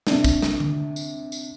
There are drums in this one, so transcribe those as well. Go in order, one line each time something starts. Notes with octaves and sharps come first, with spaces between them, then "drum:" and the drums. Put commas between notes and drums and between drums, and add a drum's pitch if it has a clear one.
C3 D4, drum: snare
drum: kick, tambourine
drum: snare
drum: tom D3
drum: tambourine
drum: tambourine